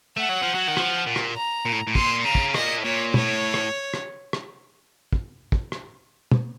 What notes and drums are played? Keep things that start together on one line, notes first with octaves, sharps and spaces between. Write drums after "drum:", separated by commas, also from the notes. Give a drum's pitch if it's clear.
A3 F#5
F#3
F3
F#3
D#3
F3, drum: rim click
A#2
drum: rim click
A#5
A#2
A2
A2
A#2 C6, drum: kick
C#3 A#5
drum: kick
A#2 D#5, drum: rim click
A2
A#2 C#5
A2 C#5, drum: tom
drum: rim click
drum: rim click
drum: rim click
drum: kick
drum: kick
drum: rim click
drum: tom